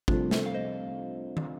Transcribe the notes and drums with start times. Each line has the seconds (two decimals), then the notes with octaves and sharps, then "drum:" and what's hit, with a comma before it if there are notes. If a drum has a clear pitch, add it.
0.08 C2 C3 F3 A3 C4 D4 F4, drum: kick
0.31 A4 C5, drum: snare
0.46 F5
0.54 C5 D#5
1.37 drum: tom